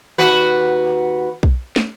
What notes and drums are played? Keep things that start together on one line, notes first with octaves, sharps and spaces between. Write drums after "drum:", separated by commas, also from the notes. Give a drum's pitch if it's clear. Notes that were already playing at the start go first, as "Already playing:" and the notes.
D#2 F#4 B4
drum: kick B1
drum: snare